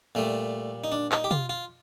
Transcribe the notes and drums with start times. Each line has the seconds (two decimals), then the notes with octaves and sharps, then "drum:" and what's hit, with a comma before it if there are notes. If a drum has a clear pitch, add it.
0.15 A#2 G3 A3
0.84 D#4
0.92 D4
1.12 D#4, drum: clap
1.24 G4
1.31 F4, drum: tom
1.50 F4